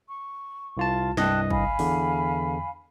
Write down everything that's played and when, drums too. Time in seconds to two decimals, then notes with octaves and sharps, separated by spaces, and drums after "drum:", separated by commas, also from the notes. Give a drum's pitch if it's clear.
0.08 C#6
0.77 C2 F4 A5
1.17 C2 G2 D#5 G5 A5 F#6, drum: snare
1.50 F5 G#5 B5, drum: kick
1.79 E2 D3, drum: open hi-hat